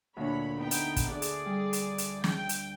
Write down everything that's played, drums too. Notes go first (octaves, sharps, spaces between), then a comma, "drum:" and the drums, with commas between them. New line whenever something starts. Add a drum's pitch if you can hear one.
D2 A#2 D4 C#5 B5
B3 D#4 G5 B5
drum: hi-hat
drum: kick, hi-hat
D4 G#4 D5
drum: hi-hat
G3
drum: hi-hat
drum: hi-hat
G5, drum: snare
drum: hi-hat